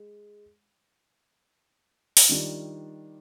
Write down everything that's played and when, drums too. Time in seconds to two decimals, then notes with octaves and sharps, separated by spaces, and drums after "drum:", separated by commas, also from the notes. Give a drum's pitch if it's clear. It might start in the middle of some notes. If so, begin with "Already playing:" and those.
Already playing: G#3
2.17 drum: open hi-hat
2.29 D#3 G3 D4 F4